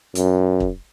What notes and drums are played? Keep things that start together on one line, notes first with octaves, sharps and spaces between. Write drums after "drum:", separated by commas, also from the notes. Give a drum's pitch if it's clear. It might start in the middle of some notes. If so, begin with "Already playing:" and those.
F#2, drum: hi-hat
drum: kick